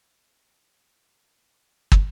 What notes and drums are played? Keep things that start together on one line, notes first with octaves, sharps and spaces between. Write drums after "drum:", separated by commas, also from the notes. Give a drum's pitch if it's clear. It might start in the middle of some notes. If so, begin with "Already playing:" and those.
Already playing: E3
C#3
B2
B2
B2
A2
F#2
drum: kick